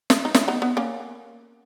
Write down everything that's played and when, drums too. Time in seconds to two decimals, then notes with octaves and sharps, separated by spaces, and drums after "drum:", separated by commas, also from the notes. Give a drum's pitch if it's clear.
0.10 drum: snare
0.25 D#4
0.35 C#4 E4, drum: snare
0.48 B3 D#4
0.62 B3
0.77 A#3 C#4